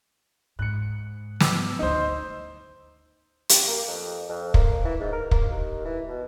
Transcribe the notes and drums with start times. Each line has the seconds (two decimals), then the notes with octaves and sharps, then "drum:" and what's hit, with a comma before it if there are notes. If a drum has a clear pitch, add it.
0.59 G#2 F#6 C#7
1.40 D6 E6, drum: snare
1.79 G1 D2 D#4 C5
3.49 G4, drum: hi-hat
3.68 A#3
3.87 F2
4.29 F2
4.54 A#3, drum: kick
4.84 E3
5.00 G#2
5.13 A#4
5.31 A#3, drum: kick
5.50 D#2
5.85 E3
6.09 B2